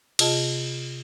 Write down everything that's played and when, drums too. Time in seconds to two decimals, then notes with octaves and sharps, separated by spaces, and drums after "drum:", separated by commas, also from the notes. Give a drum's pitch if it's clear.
0.19 C3 F4 G#4 D#5 A5, drum: cymbal